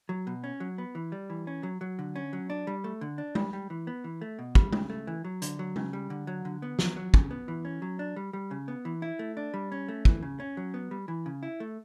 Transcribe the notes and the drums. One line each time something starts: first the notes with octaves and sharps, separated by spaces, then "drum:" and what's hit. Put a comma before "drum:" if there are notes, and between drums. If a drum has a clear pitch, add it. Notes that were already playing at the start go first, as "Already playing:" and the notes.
F#3
B2
C#4
F#3
B3
E3
G3
E3
C#4
F#3
F#3
D3
C#4
F#3
D4
G3
A3
D3
D4
G3, drum: tom G#3
G3
E3
B3
E3
A3
B2
G3, drum: kick
C#3, drum: tom G#3
A3
E3
F#3
D3, drum: hi-hat
F#3
C#3, drum: tom G#3
G3
D3
F#3
D3
B3
F#3, drum: snare
F#3
C#3, drum: kick
B3
E3
C#4
F#3
D4
G3
G3
C#3
B3
E3
E4
A3
D4
G3
C#4
A3
E3, drum: kick
C#3
C#4
F#3
B3
G3
E3
C#3
E4
A3